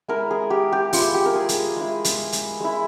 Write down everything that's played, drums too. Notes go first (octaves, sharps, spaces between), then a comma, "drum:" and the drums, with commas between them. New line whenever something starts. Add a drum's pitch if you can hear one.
G#3 E4 A#4
G#4
G4
G4
G#3 E4 F4, drum: open hi-hat
G4
A#4
G#4
drum: hi-hat
G#3 E4
drum: hi-hat
drum: hi-hat
G#3 E4